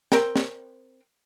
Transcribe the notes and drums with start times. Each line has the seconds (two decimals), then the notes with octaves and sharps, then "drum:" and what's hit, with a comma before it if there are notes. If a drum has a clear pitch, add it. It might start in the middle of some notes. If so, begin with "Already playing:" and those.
0.12 C4 A#4 G5, drum: snare
0.36 drum: snare